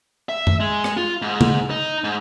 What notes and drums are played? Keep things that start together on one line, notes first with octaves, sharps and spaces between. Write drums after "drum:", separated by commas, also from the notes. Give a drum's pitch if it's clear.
E5
drum: tom F#2
G#3
drum: rim click
F4
G#2
drum: tom
D#4
G#2